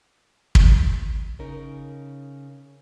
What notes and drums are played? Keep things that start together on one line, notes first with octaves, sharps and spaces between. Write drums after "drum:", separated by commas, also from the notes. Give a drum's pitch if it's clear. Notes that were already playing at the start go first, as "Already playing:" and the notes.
drum: kick
C#3 C#4 D#4 A#4